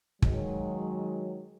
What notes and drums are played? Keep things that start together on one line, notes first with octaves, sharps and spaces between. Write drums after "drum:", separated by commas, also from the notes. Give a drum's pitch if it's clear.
D#3 F#3 G#3, drum: kick